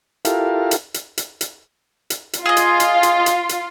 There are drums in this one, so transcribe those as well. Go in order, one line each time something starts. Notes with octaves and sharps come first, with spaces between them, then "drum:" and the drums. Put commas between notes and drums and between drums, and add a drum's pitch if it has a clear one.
E4 F4 G4 A4 A#4 F5, drum: hi-hat
drum: hi-hat
drum: hi-hat
drum: hi-hat
drum: hi-hat
drum: hi-hat
drum: hi-hat
F4 G#4 D#5 F5
drum: hi-hat
drum: hi-hat
drum: hi-hat
drum: hi-hat
drum: hi-hat